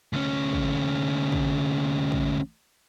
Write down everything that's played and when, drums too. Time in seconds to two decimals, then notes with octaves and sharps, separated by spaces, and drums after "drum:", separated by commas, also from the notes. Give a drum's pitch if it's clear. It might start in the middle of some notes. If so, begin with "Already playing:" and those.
0.13 D2 C#4
0.53 drum: kick
1.32 drum: kick
2.12 drum: kick